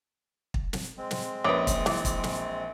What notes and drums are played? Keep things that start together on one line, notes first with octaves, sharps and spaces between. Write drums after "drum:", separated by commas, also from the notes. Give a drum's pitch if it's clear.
drum: kick
drum: snare
G#3 C4
drum: snare
A#1 C#4 B4 D6 D#6
drum: kick, hi-hat
E3, drum: snare
drum: kick, hi-hat
drum: snare